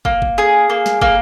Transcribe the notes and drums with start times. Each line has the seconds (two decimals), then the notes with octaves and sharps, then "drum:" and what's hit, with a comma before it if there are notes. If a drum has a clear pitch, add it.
0.05 A#3, drum: kick
0.22 drum: kick
0.38 G#4
0.70 A#3
0.86 drum: snare
1.02 A#3, drum: kick